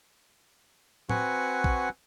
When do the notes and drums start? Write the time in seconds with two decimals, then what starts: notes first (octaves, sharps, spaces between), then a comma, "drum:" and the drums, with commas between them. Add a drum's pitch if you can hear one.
1.10 C4 F#4 B4 F#5 G#5 C#6, drum: tom A2
1.64 drum: kick